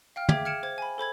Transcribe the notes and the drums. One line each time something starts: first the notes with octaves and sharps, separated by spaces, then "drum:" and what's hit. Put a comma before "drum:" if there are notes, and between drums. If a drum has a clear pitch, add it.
F5 G5 F6
G#4 E5 G5 D6 G#6 B6, drum: tom
F6 G#6 C#7 D7 E7
C5 G#6
G#5 B5
A4 C5 B5 G#6